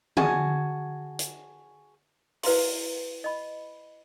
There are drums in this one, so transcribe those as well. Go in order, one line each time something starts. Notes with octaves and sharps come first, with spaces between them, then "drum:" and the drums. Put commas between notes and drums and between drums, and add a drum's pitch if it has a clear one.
F#4 G#4 G#5 A5, drum: tom
drum: hi-hat
E4 B4 F5 A#5 C6, drum: open hi-hat
D#5 B5